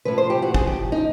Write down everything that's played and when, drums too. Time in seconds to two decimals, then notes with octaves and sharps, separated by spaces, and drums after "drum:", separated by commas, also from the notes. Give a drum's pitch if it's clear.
0.05 A2 F3 B4
0.18 C5
0.30 G4
0.42 F#4
0.54 G#4, drum: kick
0.67 G4
0.92 D#4